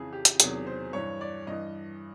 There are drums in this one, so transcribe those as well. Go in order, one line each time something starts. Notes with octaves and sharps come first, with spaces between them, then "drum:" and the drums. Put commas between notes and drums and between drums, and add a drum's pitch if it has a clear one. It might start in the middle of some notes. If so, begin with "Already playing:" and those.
Already playing: F2 C#3 E3 G#4
G4
drum: hi-hat
E2 C3 D#3 F#3 G#4, drum: hi-hat
C5
G2 E3 C#5
D5
G2 E3 D#5